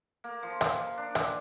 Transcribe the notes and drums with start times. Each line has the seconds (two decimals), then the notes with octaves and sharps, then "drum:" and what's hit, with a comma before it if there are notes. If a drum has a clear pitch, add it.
0.24 A#3
0.43 F3
0.61 drum: rim click
0.97 D4
1.15 drum: rim click